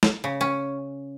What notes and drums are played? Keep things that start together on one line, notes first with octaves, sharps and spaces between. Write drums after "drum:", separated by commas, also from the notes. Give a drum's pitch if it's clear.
drum: snare
C#3
C#4